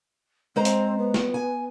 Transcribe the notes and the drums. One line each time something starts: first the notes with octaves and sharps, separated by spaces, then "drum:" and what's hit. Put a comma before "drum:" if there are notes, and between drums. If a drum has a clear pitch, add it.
G#3 C4 C5 A#5
drum: hi-hat
B3
drum: snare
G#5